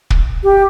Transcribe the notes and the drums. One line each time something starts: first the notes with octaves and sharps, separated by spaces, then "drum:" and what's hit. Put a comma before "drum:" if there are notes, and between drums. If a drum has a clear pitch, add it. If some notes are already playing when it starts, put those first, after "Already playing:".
drum: kick
G4